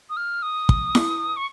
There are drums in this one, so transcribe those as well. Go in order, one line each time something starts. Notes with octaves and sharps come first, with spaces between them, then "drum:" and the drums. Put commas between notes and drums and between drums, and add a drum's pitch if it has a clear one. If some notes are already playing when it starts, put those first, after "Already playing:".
D#6
F6
D#6
drum: kick
drum: snare E4
C#6